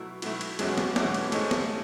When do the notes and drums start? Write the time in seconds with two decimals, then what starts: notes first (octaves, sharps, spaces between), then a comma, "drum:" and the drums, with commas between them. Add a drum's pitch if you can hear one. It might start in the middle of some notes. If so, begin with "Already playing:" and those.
Already playing: B2 F#3 A3 E4
0.22 B2 F#3 A3 E4, drum: cymbal
0.41 drum: cymbal
0.59 E2 B2 F#3 G#3 A3 C#4, drum: cymbal
0.78 drum: snare
0.96 E2 B2 F#3 A3 C#4, drum: snare
1.14 drum: cymbal
1.32 G#2 E3 G#3 A3 C#4, drum: cymbal
1.51 drum: snare